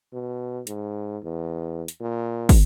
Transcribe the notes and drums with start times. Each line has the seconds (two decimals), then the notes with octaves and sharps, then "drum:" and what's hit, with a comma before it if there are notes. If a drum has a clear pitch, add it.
0.13 B2
0.67 G#2, drum: hi-hat
1.23 E2
1.88 drum: hi-hat
2.00 A#2
2.49 drum: kick, open hi-hat